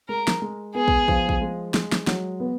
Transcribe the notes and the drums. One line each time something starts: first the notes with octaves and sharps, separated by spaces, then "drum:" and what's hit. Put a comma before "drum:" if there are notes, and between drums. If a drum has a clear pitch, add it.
G#3 A#4
drum: snare
G#3
B3 G#4
drum: kick
F3, drum: kick
drum: kick
G#3
G#3, drum: snare
drum: snare
F#3, drum: snare
B3